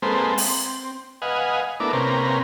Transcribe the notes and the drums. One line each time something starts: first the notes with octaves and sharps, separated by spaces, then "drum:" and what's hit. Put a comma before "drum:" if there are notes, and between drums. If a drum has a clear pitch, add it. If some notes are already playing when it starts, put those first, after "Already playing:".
G#3 A#3 C4 A4 B4 C5
C4, drum: open hi-hat
B4 D#5 F5 F#5 G#5
A3 B3 D4 E4 A#4 D6
C3 A#3 C4 C#4 A#4 B4